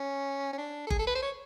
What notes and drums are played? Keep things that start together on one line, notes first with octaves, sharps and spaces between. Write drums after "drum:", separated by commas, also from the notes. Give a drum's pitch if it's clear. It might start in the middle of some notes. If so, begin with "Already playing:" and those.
Already playing: C#4
C#4
D4
A4
G#4, drum: kick G1
A4
B4
C5
C#5